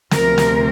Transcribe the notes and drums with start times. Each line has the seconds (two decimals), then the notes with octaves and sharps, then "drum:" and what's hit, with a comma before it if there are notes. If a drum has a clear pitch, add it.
0.11 D2 C3 F3 A#4, drum: snare
0.38 drum: snare